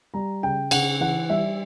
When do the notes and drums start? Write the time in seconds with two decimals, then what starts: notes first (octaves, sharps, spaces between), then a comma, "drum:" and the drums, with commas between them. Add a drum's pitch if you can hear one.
0.14 G3 A#5
0.43 C#3 G5
0.71 C#3 F#5, drum: cymbal
1.01 E3 F#5
1.30 G3 E5